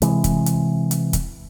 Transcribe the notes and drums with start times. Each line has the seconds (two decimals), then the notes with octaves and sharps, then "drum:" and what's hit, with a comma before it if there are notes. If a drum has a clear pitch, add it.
0.02 C3 E3 G#3, drum: hi-hat
0.24 drum: kick, hi-hat
0.46 drum: hi-hat
0.91 drum: hi-hat
1.13 drum: kick, hi-hat